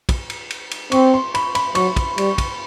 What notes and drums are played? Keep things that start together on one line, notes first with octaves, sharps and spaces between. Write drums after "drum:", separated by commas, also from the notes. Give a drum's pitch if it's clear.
drum: kick, cymbal
drum: cymbal
drum: cymbal
drum: cymbal
C4 C#6, drum: cymbal
C6
B5, drum: cymbal
B5, drum: cymbal
F#3 C#6, drum: cymbal
drum: kick, cymbal
G3, drum: cymbal
drum: kick, cymbal